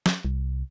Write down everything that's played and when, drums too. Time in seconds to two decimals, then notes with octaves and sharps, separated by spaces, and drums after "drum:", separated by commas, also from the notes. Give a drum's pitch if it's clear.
0.06 drum: snare
0.25 C2